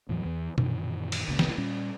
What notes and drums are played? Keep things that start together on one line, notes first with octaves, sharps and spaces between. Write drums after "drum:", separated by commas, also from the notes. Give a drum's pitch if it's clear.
E2 A2 E3 F#3
E2 E3
F#2 A#2 D#3 E3, drum: tom B2
drum: cymbal
G1 C#2 A#2 C#3
drum: snare
A#2 G3 C#4